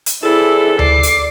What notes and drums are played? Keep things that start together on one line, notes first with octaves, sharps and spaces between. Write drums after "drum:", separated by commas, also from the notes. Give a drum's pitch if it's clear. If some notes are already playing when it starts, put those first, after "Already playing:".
drum: hi-hat
E3 C4 E4 G#4 A4 D5
D5 D6 C7, drum: tom D2
drum: hi-hat